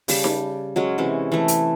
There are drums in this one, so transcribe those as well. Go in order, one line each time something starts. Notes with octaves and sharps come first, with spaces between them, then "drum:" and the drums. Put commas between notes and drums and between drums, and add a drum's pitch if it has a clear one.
C#3 G3 A5, drum: open hi-hat
drum: snare D#4
F#3 G#3 C#4
C3 E3 C#4
E3 A3
drum: hi-hat